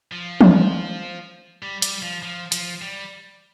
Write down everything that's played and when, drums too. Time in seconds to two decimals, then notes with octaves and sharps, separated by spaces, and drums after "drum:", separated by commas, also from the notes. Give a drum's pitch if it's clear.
0.12 F3
0.41 drum: tom
1.63 G3
1.82 G3, drum: hi-hat
2.02 F3
2.23 F3
2.52 F3, drum: hi-hat
2.82 G3